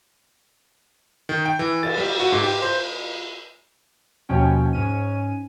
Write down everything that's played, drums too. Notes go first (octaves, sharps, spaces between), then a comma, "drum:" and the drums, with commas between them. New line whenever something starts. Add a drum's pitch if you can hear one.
D#3
G5
E3
A6, drum: cymbal
G3
F#4
G#2
G4
C5
D#2 B2 F3 C#4 G5
G#2 C#4 D#7